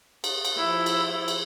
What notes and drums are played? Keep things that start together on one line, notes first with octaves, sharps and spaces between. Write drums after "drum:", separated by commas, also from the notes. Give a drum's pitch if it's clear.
D#4, drum: cymbal
drum: cymbal
F3 E4
drum: cymbal
drum: cymbal